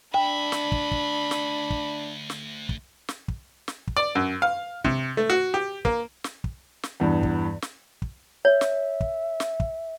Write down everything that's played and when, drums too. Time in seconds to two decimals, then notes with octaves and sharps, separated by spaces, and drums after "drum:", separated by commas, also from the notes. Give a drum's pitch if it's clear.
0.14 D2 D4 E5 G5 B5
0.52 drum: snare
0.72 drum: kick
0.91 drum: kick
1.31 drum: snare
1.70 drum: kick
2.30 drum: snare
2.69 drum: kick
3.09 drum: snare
3.28 drum: kick
3.68 drum: snare
3.87 drum: kick
3.97 D5
4.15 F#2
4.42 F5
4.84 C3, drum: kick
5.17 A3
5.30 F#4
5.54 G4
5.85 A#3, drum: kick
6.24 drum: snare
6.44 drum: kick
6.83 drum: snare
7.00 E2 G2
7.23 drum: kick
7.62 drum: snare
8.02 drum: kick
8.45 C#5 E5
8.61 drum: snare
9.01 drum: kick
9.40 drum: snare
9.60 drum: kick